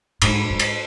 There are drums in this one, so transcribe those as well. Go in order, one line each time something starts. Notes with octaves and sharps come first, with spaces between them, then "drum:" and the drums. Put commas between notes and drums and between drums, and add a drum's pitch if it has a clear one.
G#2, drum: cymbal
G#2
drum: cymbal